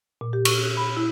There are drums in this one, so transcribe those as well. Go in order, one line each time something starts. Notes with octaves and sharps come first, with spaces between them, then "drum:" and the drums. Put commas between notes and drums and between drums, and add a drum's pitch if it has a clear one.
A#2
G4
C#6, drum: cymbal
F#6
B5
E4